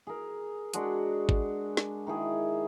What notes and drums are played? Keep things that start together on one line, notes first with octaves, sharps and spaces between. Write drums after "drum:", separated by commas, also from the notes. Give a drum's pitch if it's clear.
G#4 A#4
G#3 D4 F#4 G#4, drum: hi-hat
drum: kick
drum: snare
D#3 E4 G#4